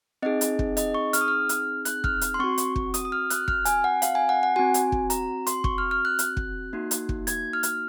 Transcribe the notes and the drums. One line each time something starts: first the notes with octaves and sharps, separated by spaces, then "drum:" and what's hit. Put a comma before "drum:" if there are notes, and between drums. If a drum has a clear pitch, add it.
C4 D#4 G#4 D#5
drum: hi-hat
drum: kick
D#5, drum: hi-hat
C#6
F6, drum: hi-hat
D#6
F6
drum: hi-hat
F#6, drum: hi-hat
F6, drum: kick
drum: hi-hat
C6
C4 F#4 C#6
drum: hi-hat
drum: kick
D#6, drum: hi-hat
D#6
F6
F#6, drum: hi-hat
F6, drum: kick
G#5, drum: hi-hat
F#5
F5, drum: hi-hat
G#5
F#5
F#5
C4 F#4 G#5
drum: hi-hat
drum: kick
A#5, drum: hi-hat
C6, drum: hi-hat
C#6, drum: kick
F6
F6
F#6
drum: hi-hat
drum: kick
A#3 D#4 F#4
drum: hi-hat
drum: kick
G#6, drum: hi-hat
F6
drum: hi-hat